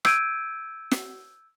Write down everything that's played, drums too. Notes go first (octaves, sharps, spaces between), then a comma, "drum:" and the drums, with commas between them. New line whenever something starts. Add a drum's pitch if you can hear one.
E6 G6 G#6 D7 D#7, drum: rim click
drum: snare